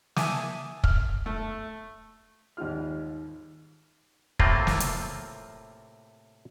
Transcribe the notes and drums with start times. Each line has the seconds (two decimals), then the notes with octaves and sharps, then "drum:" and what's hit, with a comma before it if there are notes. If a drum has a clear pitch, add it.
0.16 E5 G#5 A5 D6 D#6, drum: snare
0.84 F6, drum: kick
1.26 A3
2.57 D#2 G#2 G3 F4 F6
4.39 A2 C3 A3 A#3 C4 F4, drum: kick
4.67 drum: snare
4.80 drum: hi-hat